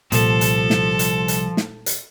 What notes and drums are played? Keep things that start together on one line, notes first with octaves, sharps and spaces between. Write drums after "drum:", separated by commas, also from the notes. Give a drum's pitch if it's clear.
C2 A#2 F3 A4, drum: hi-hat
drum: hi-hat
drum: snare
drum: hi-hat
drum: hi-hat
drum: snare
drum: hi-hat